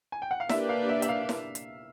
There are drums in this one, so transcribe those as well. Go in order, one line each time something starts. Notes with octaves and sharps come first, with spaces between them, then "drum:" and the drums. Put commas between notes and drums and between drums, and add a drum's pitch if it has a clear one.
G#5
G5
F#5
F5
A#3 D4 G4 B4 D5 E5, drum: snare E4
F5
E5
E5, drum: hi-hat
F5
drum: snare E4
drum: hi-hat